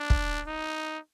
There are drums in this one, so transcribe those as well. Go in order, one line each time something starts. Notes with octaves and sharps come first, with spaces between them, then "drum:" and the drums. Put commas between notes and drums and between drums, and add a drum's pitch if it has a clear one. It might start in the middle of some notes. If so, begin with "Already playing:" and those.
Already playing: D4
drum: kick
D#4